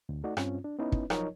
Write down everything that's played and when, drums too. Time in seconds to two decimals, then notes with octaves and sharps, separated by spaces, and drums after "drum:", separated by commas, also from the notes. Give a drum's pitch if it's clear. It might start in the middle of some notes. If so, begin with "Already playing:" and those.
0.09 D2
0.24 A3 D#4 F#4 D5
0.37 G2 C4 C#4 F4, drum: rim click
0.64 D4
0.79 B3 C#4 D#4 E4 B4
0.92 drum: kick
1.10 F3 F#3 D#4 A#4 C#5 D#5, drum: rim click